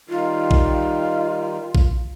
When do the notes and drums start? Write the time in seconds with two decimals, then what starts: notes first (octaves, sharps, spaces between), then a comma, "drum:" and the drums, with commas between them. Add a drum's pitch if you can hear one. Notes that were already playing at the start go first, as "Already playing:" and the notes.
0.09 D#3 G3 D#4 F4
0.51 drum: kick A#1
1.75 drum: kick A#1